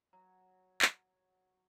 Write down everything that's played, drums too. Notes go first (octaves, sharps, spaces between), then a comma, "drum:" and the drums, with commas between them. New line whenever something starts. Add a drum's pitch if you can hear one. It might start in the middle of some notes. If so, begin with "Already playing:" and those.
F#3 A#5
drum: clap